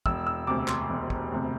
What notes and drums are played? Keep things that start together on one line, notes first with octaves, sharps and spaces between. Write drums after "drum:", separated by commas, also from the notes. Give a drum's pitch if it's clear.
E1 E6, drum: kick
E6
D2 C3 D6
C6, drum: clap
E1
drum: kick
D2 C3